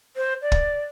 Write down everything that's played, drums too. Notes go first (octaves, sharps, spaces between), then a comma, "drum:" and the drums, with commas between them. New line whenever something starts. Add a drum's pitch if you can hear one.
C5
D5
drum: kick